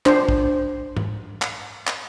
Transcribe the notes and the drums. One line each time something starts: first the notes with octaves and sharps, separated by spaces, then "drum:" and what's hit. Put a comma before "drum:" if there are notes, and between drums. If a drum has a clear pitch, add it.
D4 C5, drum: clap
drum: kick
drum: tom G#2
drum: clap
drum: clap